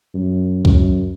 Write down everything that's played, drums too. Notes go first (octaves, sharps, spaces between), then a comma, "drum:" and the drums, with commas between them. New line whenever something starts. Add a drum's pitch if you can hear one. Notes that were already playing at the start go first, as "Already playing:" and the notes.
F#2
F#2, drum: kick C2